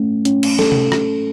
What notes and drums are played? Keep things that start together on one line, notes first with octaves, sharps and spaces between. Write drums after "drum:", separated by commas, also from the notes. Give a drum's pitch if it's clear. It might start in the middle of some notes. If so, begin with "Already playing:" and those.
Already playing: A3 C#4
C#4, drum: hi-hat
drum: cymbal
A4, drum: snare
drum: tom C3
drum: rim click